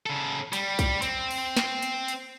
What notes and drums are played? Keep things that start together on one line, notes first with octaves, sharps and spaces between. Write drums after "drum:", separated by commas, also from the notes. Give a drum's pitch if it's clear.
C#3 A4
G3, drum: hi-hat
drum: kick, hi-hat
C4, drum: hi-hat
drum: open hi-hat
drum: snare
drum: hi-hat
drum: hi-hat